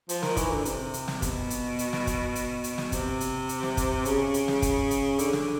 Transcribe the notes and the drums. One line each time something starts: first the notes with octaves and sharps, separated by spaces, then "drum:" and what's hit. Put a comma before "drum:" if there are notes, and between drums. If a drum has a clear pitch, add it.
F3, drum: hi-hat
D#3, drum: snare
E3, drum: kick, hi-hat
D3
C3, drum: hi-hat
drum: hi-hat
drum: snare
B2, drum: kick, hi-hat
drum: hi-hat
drum: hi-hat
drum: snare
drum: kick, hi-hat
drum: hi-hat
drum: hi-hat
drum: snare
C3, drum: kick, hi-hat
drum: hi-hat
drum: hi-hat
drum: snare
drum: kick, hi-hat
C#3, drum: hi-hat
drum: hi-hat
drum: snare
drum: kick, hi-hat
drum: hi-hat
D3, drum: hi-hat
drum: snare